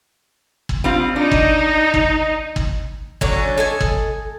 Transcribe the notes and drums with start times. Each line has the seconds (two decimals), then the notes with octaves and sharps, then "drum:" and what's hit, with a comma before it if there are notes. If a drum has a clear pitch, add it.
0.69 drum: kick
0.84 G3 C4 F4
1.16 D4 D#4
1.31 drum: kick
1.94 drum: kick
2.56 drum: kick
3.21 D3 F#3 C#4 D4, drum: kick
3.58 A4 D#5 G#5
3.81 drum: kick